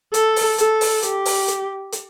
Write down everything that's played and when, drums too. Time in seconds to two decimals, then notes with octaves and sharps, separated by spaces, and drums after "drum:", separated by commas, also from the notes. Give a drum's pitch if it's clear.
0.14 A4, drum: hi-hat
0.36 drum: open hi-hat
0.58 A4, drum: hi-hat
0.81 drum: open hi-hat
1.03 G4, drum: hi-hat
1.25 drum: open hi-hat
1.48 drum: hi-hat
1.92 drum: hi-hat